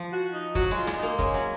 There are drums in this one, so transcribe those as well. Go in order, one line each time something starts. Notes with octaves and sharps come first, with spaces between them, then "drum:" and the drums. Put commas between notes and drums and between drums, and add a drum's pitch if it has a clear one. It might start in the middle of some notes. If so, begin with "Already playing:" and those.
Already playing: F3
F#4
D#4
F#3 F#4, drum: kick
G#3
F4
G#3, drum: rim click
D#4
A#3
G#3 C#4, drum: kick
F#3